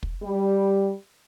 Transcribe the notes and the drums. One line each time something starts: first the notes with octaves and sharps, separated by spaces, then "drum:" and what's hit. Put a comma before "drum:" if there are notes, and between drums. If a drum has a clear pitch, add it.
drum: kick
G3